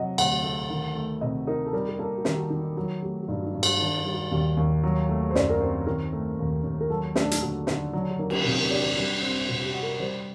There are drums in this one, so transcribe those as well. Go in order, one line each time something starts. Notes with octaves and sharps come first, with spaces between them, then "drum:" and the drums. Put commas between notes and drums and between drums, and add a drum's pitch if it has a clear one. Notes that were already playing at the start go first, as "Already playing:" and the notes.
Already playing: C3 F#3 D#5 F#5
D2 F#5, drum: cymbal
A3
D#3
A3
C3 D#5
D#4 A#4
A4
G3 A#4
A#4
A#3 A4
F#4
D#3 G4, drum: snare
F#4
D#3 D#4
D#4
F#3 F#4
A3 G4
F#4
G2 D#4
F#4
D#4
G2
F#4, drum: cymbal
D#3 D4
D#4
G3
F#4
D#2 G4
D#2
F#3
A3
C5
F#2 D5, drum: snare
A#4
C4 C5
D#3 A#4
A3
D#2
D#2
A#4
F#3 A4
A3, drum: snare
D4
D#4, drum: hi-hat
D3 F#4
D3 D#4, drum: snare
F#3 D4
F#4
A#3 D#4
drum: cymbal
C3 F#4
D4
D#4
D4 G4
F#4
G3
C4
C3 F#4
F#4
G4
F#4
A#4
G3 C5